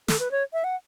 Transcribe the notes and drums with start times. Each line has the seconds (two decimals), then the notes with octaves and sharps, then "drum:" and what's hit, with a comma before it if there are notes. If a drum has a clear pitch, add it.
0.08 A4, drum: snare
0.19 B4
0.31 C#5
0.53 E5
0.64 F#5